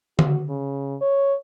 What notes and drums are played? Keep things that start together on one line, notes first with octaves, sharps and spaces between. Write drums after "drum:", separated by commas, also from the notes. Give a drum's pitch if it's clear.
F#4, drum: tom D3
C#3
C#5